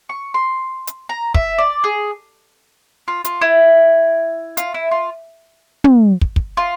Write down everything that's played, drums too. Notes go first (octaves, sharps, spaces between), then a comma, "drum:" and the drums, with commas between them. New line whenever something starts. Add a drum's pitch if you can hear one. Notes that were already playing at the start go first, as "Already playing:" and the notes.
C#6
C6
drum: hi-hat
A#5
E5, drum: kick
D5
G#4
F4
F4, drum: hi-hat
E4
F4, drum: hi-hat
E4
F4
drum: tom
drum: kick
drum: kick
F4